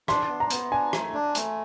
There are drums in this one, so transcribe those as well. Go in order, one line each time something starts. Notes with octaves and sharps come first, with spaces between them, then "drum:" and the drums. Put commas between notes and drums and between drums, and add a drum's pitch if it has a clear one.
D4 C6, drum: rim click
B3
A#5
B3, drum: hi-hat
D4 G#5
A3, drum: rim click
D4
A3, drum: hi-hat